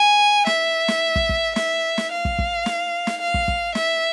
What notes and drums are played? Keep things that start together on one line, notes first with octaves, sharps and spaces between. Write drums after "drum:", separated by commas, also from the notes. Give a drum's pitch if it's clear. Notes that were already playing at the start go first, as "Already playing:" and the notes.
Already playing: G#5
E5, drum: snare
drum: snare
drum: kick
drum: kick
E5, drum: snare
drum: snare
F5
drum: kick
drum: kick
drum: snare
drum: snare
F5
drum: kick
drum: kick
E5, drum: snare